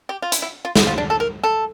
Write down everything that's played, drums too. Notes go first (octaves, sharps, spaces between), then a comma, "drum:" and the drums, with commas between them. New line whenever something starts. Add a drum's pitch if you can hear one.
G4
F4
E4, drum: hi-hat
E4
F4
E4, drum: snare
F4
D4
A4
A#4
A4